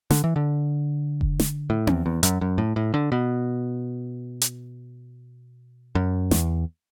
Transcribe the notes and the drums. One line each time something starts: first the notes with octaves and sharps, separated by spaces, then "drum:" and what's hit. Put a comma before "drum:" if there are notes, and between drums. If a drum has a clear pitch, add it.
D3, drum: snare
E3
D3
drum: kick F1
drum: snare
A2
E2, drum: tom C4
E2
F#2, drum: hi-hat
F#2
A2
A2
D3
B2
drum: hi-hat
F#2
E2, drum: snare